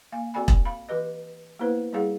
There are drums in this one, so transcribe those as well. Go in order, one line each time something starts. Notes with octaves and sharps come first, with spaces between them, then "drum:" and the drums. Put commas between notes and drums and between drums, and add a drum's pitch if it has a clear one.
A#3 F5 G#5
C4 F#4 A4 D5 G#5 B5
drum: kick E1
F5 B5
E3 G4 B4 D#5
A#3 B3 E4 B4 C5
G3 E4 G#4 F5 F#5